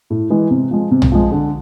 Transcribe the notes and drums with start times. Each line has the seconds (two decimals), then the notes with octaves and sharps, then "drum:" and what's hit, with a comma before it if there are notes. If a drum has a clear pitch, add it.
0.10 A2
0.30 E3 G#3
0.51 C3
0.71 F3 G#3
0.91 C3
1.02 drum: tom
1.12 F3 G#3
1.32 D3